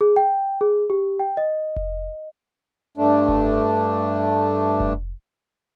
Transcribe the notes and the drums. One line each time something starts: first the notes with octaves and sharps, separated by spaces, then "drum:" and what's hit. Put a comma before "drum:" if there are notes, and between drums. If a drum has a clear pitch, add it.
G#4
G5
G#4
G4
G5
D#5
drum: kick F1
G2 A3 D4
drum: kick F1
drum: kick F1